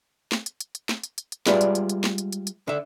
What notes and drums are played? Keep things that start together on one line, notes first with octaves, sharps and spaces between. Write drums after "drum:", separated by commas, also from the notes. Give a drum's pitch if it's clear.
drum: snare
drum: hi-hat
drum: hi-hat
drum: hi-hat
drum: snare
drum: hi-hat
drum: hi-hat
drum: hi-hat
G3 G#3 F4 B4 D5 E5, drum: snare
drum: hi-hat
drum: hi-hat
drum: hi-hat
drum: snare
drum: hi-hat
drum: hi-hat
drum: hi-hat
D3 E5